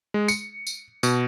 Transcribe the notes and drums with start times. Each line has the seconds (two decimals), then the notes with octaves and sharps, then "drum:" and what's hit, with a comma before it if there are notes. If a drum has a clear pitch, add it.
0.14 G#3
0.28 C#7, drum: tambourine
0.67 drum: tambourine
1.03 B2, drum: tambourine